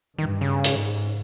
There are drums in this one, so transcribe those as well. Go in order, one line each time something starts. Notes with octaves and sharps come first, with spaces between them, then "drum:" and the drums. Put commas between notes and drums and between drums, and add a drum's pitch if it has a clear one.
G2 D#3
C#3
G#2, drum: hi-hat